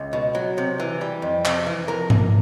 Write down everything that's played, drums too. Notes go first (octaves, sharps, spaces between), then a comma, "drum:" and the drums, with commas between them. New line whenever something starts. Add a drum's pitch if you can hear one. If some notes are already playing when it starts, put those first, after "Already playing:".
Already playing: C#2
B2
F#3
C3
E3
G3
F2
C3, drum: clap
E3
F3 A#4 A#5
A#3, drum: tom G#2